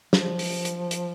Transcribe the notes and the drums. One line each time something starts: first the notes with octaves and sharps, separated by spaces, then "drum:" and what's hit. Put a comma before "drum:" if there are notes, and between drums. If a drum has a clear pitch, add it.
F3, drum: snare
drum: open hi-hat
drum: hi-hat
drum: hi-hat